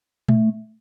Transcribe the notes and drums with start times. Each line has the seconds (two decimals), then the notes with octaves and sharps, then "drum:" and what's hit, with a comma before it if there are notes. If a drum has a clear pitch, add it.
0.28 A3, drum: tom A#2